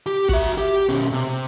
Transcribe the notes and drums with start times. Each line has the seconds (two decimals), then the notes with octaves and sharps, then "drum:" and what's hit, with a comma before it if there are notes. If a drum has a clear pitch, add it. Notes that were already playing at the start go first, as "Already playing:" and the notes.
0.06 G4
0.29 F#4 E5, drum: kick
0.58 G4
0.89 B2 C#4
1.12 C3